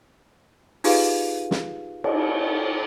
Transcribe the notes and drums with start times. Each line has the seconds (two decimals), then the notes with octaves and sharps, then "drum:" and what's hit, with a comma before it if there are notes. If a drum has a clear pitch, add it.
0.84 D#4 F4 G4 G#4 B4 F5, drum: open hi-hat
1.51 drum: snare
2.04 drum: cymbal